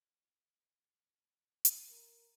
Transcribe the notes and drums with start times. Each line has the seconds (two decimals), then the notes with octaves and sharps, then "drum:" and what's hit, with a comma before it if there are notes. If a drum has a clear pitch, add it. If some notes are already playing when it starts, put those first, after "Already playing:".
1.65 drum: hi-hat
1.90 A#4